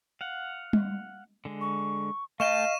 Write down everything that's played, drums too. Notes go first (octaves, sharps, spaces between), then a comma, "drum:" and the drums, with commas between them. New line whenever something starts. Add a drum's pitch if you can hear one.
F5 F#5
drum: tom G3
D3 G#3
C#6
A3 D#5 F5 G5 A5 C#6 E7